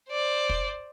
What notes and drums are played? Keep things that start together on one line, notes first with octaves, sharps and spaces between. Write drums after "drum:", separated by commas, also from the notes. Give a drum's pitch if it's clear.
C5 D5
drum: kick